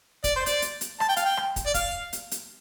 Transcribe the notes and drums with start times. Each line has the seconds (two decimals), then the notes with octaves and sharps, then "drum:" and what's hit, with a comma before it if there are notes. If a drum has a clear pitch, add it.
0.24 D5, drum: kick, hi-hat
0.36 C5
0.46 D5, drum: hi-hat
0.62 drum: hi-hat
0.81 drum: hi-hat
1.00 A5, drum: rim click
1.09 G5
1.16 F5, drum: hi-hat
1.25 G5
1.37 drum: rim click
1.56 drum: kick, hi-hat
1.66 D5
1.74 F5, drum: kick, hi-hat
2.13 drum: hi-hat
2.31 drum: hi-hat